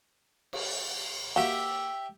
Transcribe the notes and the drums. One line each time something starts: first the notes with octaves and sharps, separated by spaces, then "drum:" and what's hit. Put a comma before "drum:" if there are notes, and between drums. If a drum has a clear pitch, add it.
drum: cymbal
A#3 F#4 G4 E5